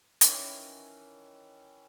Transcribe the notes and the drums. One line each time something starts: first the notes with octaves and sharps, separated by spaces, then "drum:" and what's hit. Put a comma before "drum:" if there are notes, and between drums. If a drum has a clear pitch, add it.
D#3 E3 C#4, drum: hi-hat